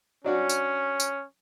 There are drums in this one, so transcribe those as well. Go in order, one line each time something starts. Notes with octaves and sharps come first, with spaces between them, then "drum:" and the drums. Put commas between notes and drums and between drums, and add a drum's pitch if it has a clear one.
F#3 C#4 D4 F#4
drum: tambourine
drum: tambourine